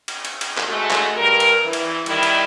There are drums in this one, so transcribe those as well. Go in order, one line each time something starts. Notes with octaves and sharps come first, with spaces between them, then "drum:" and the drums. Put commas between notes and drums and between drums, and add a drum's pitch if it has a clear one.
drum: cymbal
drum: cymbal
drum: cymbal
drum: clap
G#3 A3 F#4
drum: clap
G2 A#4
drum: cymbal
E3
drum: cymbal
D#3 G3 E4, drum: cymbal
drum: cymbal